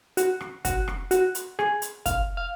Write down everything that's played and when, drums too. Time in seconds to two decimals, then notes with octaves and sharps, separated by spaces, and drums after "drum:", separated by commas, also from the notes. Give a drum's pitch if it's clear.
0.17 F#4, drum: hi-hat
0.41 drum: rim click
0.65 F#4, drum: kick, hi-hat
0.88 drum: rim click
1.11 F#4, drum: hi-hat
1.35 drum: hi-hat
1.59 G#4, drum: rim click
1.82 drum: hi-hat
2.06 F5, drum: kick, hi-hat
2.37 F5